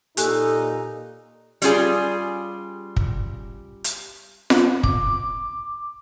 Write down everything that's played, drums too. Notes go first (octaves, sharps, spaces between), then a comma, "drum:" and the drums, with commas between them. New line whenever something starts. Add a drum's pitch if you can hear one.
A#2 D#4 G4 A4 G#5 F#6, drum: hi-hat
G3 C#4 F4 G#4, drum: hi-hat
drum: kick
drum: hi-hat
drum: snare F4
D6, drum: kick